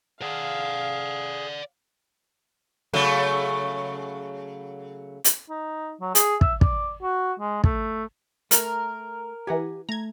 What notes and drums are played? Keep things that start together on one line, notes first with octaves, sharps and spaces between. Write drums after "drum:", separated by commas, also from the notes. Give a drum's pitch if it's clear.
G#4 D5 F5 F#5
C#3 F#3 A3
drum: hi-hat
D#4
F#3
G#4, drum: hi-hat
E5, drum: kick
D5, drum: kick
F#4
G#3
A3, drum: kick
A3 A#4, drum: hi-hat
E3 G4 F#5 G#5 A#5
A3 A#5 G#6